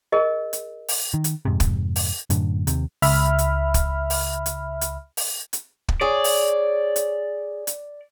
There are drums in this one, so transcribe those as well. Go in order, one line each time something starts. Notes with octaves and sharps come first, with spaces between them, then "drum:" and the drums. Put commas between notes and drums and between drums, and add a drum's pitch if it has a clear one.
G#4 A#4 D#5
drum: hi-hat
drum: open hi-hat
D#3
drum: hi-hat
F2 G#2 C3
drum: kick, hi-hat
drum: open hi-hat
F#2 A2 D3, drum: hi-hat
D#2 C3, drum: hi-hat
C#2 E5 B5 F6, drum: open hi-hat
drum: hi-hat
drum: kick, hi-hat
drum: open hi-hat
drum: hi-hat
drum: hi-hat
drum: open hi-hat
drum: hi-hat
drum: kick
G#4 C#5 D5
drum: open hi-hat
drum: hi-hat
drum: hi-hat